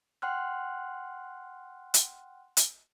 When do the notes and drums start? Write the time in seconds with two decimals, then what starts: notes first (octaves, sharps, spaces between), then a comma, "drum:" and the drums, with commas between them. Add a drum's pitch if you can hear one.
0.22 F#5 G5 C6 F6 F#6
1.94 drum: hi-hat
2.57 drum: hi-hat